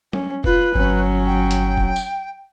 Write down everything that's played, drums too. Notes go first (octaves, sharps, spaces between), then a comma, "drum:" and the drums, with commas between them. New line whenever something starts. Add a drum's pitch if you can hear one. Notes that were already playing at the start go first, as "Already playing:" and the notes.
C#4, drum: tom F#3
F4 B4, drum: kick F1
G1 F#3 C#4
G5
drum: hi-hat
drum: kick F1
drum: tambourine